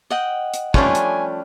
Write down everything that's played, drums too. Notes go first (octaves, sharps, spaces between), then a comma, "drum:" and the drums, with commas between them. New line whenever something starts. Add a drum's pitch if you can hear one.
D#5 F#5 G5
drum: hi-hat
F3 G3 A3 C#4 D4 C#5 G#5, drum: kick
drum: hi-hat